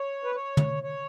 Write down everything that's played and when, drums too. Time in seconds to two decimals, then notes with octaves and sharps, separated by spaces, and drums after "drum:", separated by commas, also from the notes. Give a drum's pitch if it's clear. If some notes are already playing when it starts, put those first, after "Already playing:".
Already playing: C#5
0.24 B4
0.35 C#5
0.57 drum: tom
0.83 C#5